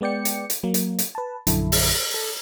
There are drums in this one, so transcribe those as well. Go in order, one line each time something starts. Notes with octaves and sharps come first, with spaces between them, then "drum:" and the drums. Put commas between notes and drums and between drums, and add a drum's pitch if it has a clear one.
G#3 B3 D5 G5 C#7
drum: hi-hat
drum: hi-hat
F#3 A#3
drum: hi-hat
drum: hi-hat
B4 A5
A#1 F#2 D3 E4 A4, drum: hi-hat
drum: open hi-hat
A4